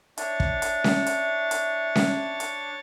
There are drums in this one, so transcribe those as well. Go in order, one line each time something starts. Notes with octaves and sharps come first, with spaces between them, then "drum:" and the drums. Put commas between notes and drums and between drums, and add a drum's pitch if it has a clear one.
D4 E4 C#5 A6, drum: hi-hat
drum: kick
drum: hi-hat
drum: snare C#4
drum: hi-hat
drum: hi-hat
drum: snare C#4
drum: hi-hat